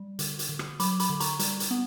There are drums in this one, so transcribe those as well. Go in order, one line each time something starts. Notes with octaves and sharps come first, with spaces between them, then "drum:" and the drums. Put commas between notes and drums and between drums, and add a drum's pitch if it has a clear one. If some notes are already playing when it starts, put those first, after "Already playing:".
Already playing: G3
D3, drum: hi-hat
drum: hi-hat
D3
drum: rim click
F#3 B5 D6, drum: hi-hat
B5 D6, drum: hi-hat
D3
A#5 C#6, drum: hi-hat
G3, drum: hi-hat
drum: hi-hat
B3